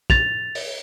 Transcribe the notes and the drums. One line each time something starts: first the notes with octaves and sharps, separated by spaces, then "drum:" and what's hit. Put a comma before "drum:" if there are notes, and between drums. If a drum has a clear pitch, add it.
A6 F7, drum: kick
drum: open hi-hat